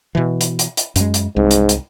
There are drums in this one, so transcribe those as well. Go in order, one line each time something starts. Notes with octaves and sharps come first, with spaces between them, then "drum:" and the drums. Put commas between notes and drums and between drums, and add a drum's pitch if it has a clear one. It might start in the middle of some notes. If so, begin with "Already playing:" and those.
B2 E3
drum: hi-hat
drum: hi-hat
drum: hi-hat
F#2 G#3, drum: hi-hat
drum: hi-hat
C2 G#2
drum: hi-hat
drum: hi-hat